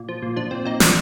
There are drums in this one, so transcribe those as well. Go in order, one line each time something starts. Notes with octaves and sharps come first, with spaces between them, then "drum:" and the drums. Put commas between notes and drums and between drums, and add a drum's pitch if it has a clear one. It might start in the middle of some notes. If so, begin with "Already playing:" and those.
Already playing: A#2
F3
A#2
F3 D4
A#2 C4
A#2 C4 D#4
F3 D4, drum: snare